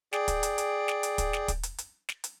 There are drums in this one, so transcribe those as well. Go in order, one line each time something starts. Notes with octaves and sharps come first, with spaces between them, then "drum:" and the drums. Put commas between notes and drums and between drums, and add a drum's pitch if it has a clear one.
G#4 D5 G5, drum: snare
drum: kick, hi-hat
drum: hi-hat
drum: hi-hat
drum: snare
drum: hi-hat
drum: kick, hi-hat
drum: snare
drum: kick, hi-hat
drum: hi-hat
drum: hi-hat
drum: snare
drum: hi-hat